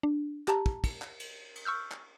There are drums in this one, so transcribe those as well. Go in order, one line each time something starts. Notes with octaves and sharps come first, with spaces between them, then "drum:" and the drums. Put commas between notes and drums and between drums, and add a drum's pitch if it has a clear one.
D4
G4 A5 A#5, drum: clap
drum: kick
drum: kick, cymbal
drum: clap
drum: cymbal
drum: cymbal
C#6 E6 F6 G6
drum: clap